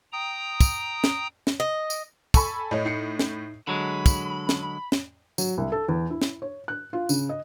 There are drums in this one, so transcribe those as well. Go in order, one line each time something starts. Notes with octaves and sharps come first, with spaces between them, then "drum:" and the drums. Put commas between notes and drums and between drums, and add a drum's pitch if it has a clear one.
G5 A#5 D#6
drum: kick, tambourine
drum: snare
drum: snare
D#5
drum: tambourine
A4 G#5 B5 C#6, drum: kick, tambourine
A2 C#5 D#5
D#4 C7 C#7
drum: snare
D3 F#3 G#3 B5
drum: kick, tambourine
drum: snare
drum: snare
F#3, drum: tambourine
C2
A4
E2
E4
drum: snare
C#5
F#6
F4
C#3, drum: tambourine
D#5